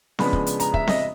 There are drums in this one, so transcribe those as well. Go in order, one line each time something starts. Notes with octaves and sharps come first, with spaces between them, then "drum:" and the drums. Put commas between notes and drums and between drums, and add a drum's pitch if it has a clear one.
C#3 F3 G#3 B3 D4 B5, drum: snare C4
drum: kick
drum: hi-hat
A#5, drum: hi-hat
E5, drum: kick
D#5, drum: snare C4